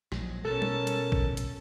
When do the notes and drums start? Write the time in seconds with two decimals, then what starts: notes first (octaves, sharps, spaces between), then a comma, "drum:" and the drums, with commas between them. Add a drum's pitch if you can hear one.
0.12 A#1 F#3 G#3, drum: rim click
0.45 B2 C#4 A4 A#4 A5
0.62 drum: tom
0.87 drum: hi-hat
1.12 drum: kick A#1
1.37 drum: hi-hat